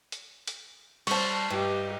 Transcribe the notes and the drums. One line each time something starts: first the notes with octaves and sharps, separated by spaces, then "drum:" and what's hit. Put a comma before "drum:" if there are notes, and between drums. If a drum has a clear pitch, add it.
drum: hi-hat
drum: hi-hat
G3 C5 A5 C#6, drum: cymbal
G2 D#4 G4